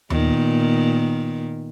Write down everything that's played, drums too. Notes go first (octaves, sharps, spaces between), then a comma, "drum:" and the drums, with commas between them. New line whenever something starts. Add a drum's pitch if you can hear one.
A#2 D#3 B3, drum: tom D#2